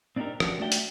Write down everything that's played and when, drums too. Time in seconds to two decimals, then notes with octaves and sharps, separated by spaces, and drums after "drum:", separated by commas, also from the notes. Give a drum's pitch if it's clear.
0.16 C4 D4 D#4 F#4 G4 A#4
0.40 F3 C#4 D4 F#4 G4, drum: rim click
0.60 A3 D4 F#4 D5 E5 G5
0.72 drum: hi-hat